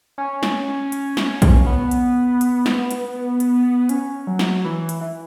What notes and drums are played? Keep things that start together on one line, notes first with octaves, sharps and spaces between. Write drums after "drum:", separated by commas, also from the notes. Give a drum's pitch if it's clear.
C#4
drum: snare
drum: hi-hat
drum: snare
drum: kick, hi-hat
B3
drum: hi-hat
drum: hi-hat
drum: snare
drum: hi-hat
drum: hi-hat
C#4, drum: hi-hat
F#3
drum: snare
E3
drum: hi-hat
E3